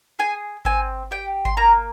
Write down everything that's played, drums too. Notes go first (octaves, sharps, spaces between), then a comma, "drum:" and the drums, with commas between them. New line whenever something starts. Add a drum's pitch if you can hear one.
G#4 G#5
C4 G#5, drum: kick G#1
G4 G5
C6, drum: kick G#1
A#3 A#5